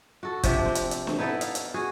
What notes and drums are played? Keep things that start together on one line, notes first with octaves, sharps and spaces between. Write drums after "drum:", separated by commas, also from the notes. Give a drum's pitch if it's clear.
F#4 A4
C3 F3 D4 E5, drum: kick, hi-hat
C4
drum: hi-hat
drum: hi-hat
drum: snare
B3 D#4 E4 A4
F5, drum: hi-hat
drum: hi-hat
F#4 G#4